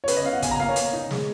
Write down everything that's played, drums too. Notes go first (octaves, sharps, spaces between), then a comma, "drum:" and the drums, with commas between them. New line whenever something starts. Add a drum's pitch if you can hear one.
C#5
C#4 B4, drum: hi-hat
D#5
C#4 F5
F#5
B2 G#5, drum: kick, hi-hat
A#5
A#3 F5
C#5
A#3, drum: hi-hat
D#4
G#3, drum: snare